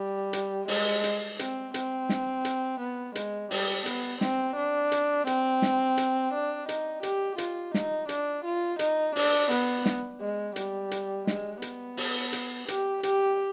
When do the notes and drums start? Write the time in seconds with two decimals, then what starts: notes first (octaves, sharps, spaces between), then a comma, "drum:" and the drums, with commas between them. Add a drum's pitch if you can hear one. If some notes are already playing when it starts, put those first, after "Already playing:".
Already playing: G3
0.33 drum: hi-hat
0.68 G#3, drum: open hi-hat
1.04 drum: hi-hat
1.39 C4, drum: hi-hat
1.74 C4, drum: hi-hat
2.09 drum: snare
2.45 drum: hi-hat
2.80 B3
3.15 G#3, drum: hi-hat
3.51 G3, drum: open hi-hat
3.86 B3, drum: hi-hat
4.21 C4, drum: snare
4.56 D4
4.92 drum: hi-hat
5.27 C4, drum: hi-hat
5.62 drum: snare
5.98 drum: hi-hat
6.33 D4
6.69 D#4, drum: hi-hat
7.03 G4, drum: hi-hat
7.38 F4, drum: hi-hat
7.74 D#4, drum: snare
8.09 D4, drum: hi-hat
8.45 F4
8.79 D#4, drum: hi-hat
9.16 D4, drum: open hi-hat
9.51 B3, drum: hi-hat
9.86 drum: snare
10.21 G#3
10.56 G3, drum: hi-hat
10.91 drum: hi-hat
11.27 G#3, drum: snare
11.62 B3, drum: hi-hat
11.97 drum: open hi-hat
12.33 drum: hi-hat
12.68 G4, drum: hi-hat
13.03 G4, drum: hi-hat